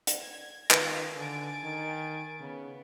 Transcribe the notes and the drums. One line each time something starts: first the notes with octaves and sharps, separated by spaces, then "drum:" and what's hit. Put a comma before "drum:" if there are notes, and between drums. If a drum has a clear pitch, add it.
drum: hi-hat
G#6
D#3 F4 B4 D6 A#6, drum: clap
D3 G#5 A6 D7
D#3
C#3 B3